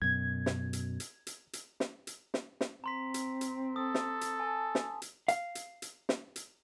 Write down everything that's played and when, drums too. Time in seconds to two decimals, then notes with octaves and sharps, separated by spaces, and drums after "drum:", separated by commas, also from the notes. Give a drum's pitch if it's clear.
0.02 F#2 B2 G#6
0.46 drum: snare
0.73 drum: hi-hat
1.00 drum: hi-hat
1.27 drum: hi-hat
1.53 drum: hi-hat
1.80 drum: snare
2.07 drum: hi-hat
2.34 drum: snare
2.61 drum: snare
2.84 C4 A#5 C6 B6
3.14 drum: hi-hat
3.41 drum: hi-hat
3.76 A4 D#6
3.94 drum: snare
4.21 drum: hi-hat
4.40 G#5 A5
4.75 drum: snare
5.02 drum: hi-hat
5.28 F5, drum: hi-hat
5.55 drum: hi-hat
5.82 drum: hi-hat
6.09 drum: snare
6.36 drum: hi-hat